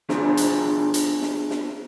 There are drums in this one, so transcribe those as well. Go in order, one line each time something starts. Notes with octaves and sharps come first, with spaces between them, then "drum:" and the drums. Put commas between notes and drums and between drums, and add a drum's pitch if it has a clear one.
B3 D4 F4 G#4 C5, drum: snare
drum: hi-hat
drum: hi-hat
drum: snare
drum: snare